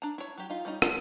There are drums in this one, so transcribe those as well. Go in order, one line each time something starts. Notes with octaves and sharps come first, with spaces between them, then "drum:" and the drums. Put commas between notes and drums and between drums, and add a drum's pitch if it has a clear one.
D4 A#5
E4 C#5
F#3 G4
D#4 F4
G3 C#4 D#4
B3 A4, drum: rim click